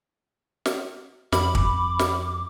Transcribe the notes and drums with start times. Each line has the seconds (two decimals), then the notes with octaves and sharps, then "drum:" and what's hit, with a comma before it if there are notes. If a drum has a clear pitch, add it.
0.66 drum: snare
1.32 F2 B5 D6, drum: snare
1.55 drum: kick
1.99 drum: snare